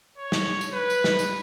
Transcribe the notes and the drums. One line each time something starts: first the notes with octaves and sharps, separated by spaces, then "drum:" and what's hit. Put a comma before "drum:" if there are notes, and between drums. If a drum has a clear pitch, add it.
C#5
drum: snare
drum: tambourine
B4
drum: tambourine
drum: snare
drum: tambourine